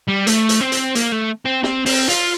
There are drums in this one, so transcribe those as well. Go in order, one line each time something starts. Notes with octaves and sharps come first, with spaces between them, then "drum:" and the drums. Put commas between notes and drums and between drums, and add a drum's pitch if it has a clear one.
G3
A3, drum: hi-hat
drum: hi-hat
C4
drum: hi-hat
A#3, drum: hi-hat
A3
C4
C4, drum: snare
C4, drum: open hi-hat
F4, drum: hi-hat